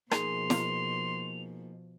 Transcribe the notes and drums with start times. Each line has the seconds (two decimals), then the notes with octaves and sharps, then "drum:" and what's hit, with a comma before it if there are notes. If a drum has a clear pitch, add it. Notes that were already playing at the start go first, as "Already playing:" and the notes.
0.11 B2 F3 A#3 D#4 G#4 C6 F7, drum: rim click
0.50 drum: snare